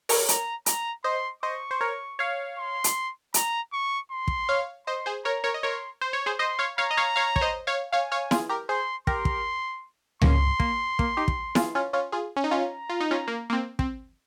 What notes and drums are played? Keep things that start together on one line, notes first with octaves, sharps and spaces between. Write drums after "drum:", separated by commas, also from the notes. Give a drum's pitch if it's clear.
A#4 C#5, drum: open hi-hat
A#5, drum: hi-hat
A#5, drum: hi-hat
C5 D#5 C6
C5 D#5 C#6
C5
A#4 C#5
C#5 F5
C6
drum: hi-hat
A#5, drum: hi-hat
C#6
C6
drum: kick
C#5 F5
C5 D#5 C6
G#4 C5
A#4 C#5 A#5
A#4 C#5
D#5
A#4 C#5 C6
C5
C#5
G#4 C5
C5 D#5 C6
C#5 F5
C#5 F5 A#5
D#5
C#5 F5
C#5 F5
C#5, drum: kick
C5 D#5
C#5 F5
C#5 F5 G#5
C#5 F5
F4 G#4, drum: snare E4
G4 A#4
G#4 C5 C6
G4 A#4 C6, drum: kick
drum: kick
A#3 C#4 C6, drum: tom C#2
A#3, drum: kick
A#3, drum: kick
D#4 G4
drum: kick
F4 G#4, drum: snare E4
C#4 F4
C#4 F4
F4 G#4
C#4
D#4
C#4 F4 A#5
F4
D#4
C#4 F4
A#3
A#3
C4
C4, drum: kick